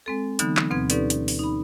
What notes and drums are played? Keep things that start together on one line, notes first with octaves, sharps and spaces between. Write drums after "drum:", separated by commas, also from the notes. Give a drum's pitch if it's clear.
G#3 C4 A4
D3 E3 F#3 B3 D#4, drum: hi-hat
drum: clap
D2 B2 C4 B4 G#6
C#4 D#4 G4 A4 B4 D5, drum: hi-hat
drum: hi-hat
drum: open hi-hat
D#4 B5